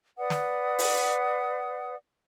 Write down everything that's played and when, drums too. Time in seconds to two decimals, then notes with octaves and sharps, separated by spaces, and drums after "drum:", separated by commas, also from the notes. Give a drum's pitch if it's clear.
0.18 B4 D5 F#5 D#6
0.30 drum: snare
0.79 drum: open hi-hat